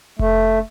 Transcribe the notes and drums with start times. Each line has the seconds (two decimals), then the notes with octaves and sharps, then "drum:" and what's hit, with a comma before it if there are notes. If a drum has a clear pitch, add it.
0.19 A3, drum: kick F1